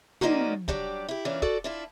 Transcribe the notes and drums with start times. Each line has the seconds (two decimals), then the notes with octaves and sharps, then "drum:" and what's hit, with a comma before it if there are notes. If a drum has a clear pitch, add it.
0.21 F3 A#3 C#4 D#4 F#4 D5, drum: tom
0.68 F#3 G3 D4 G4, drum: kick
1.09 E4 G4
1.25 A#2 E3 C#4 D4 F4
1.42 F#4 A4 D5, drum: kick
1.64 D4 E4 F4